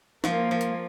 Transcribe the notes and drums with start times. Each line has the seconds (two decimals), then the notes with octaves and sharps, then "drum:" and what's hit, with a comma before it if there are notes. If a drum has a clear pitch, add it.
0.24 F3 A#3, drum: snare
0.51 F3
0.61 drum: hi-hat